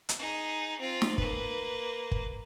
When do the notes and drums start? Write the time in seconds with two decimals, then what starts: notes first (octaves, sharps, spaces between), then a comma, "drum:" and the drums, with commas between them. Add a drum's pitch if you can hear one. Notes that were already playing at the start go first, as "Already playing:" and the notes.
0.09 drum: hi-hat
0.19 D#4 G#4
0.79 C4 F4
1.02 drum: snare
1.18 A#3 B4, drum: kick
2.11 drum: kick